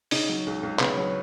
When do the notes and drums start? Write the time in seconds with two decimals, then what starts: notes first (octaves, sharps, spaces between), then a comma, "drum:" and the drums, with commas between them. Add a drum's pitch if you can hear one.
0.11 C#3 D#4, drum: open hi-hat
0.29 F#3
0.46 C#2
0.63 C#2
0.79 C#3 B3, drum: clap
0.97 F#3